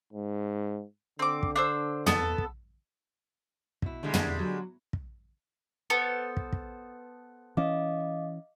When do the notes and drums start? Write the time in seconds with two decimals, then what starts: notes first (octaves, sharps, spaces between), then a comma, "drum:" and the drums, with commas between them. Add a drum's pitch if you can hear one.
0.13 G#2
1.19 D3 C4 D6
1.43 drum: kick
1.56 D4 C5 E6
2.06 B3 A4, drum: tom
2.38 drum: kick
3.82 B2 E4, drum: kick
4.03 D3 G3 G#3
4.14 drum: tom
4.39 F#3
4.93 drum: kick
5.90 B3 A4 C5
6.37 drum: kick
6.53 drum: kick
7.57 E3 C#4 D#5 F5 D6